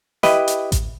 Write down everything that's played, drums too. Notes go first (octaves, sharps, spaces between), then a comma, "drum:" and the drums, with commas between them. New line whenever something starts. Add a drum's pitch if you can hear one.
E4 G4 B4 D#5, drum: snare
drum: hi-hat
drum: kick A1, hi-hat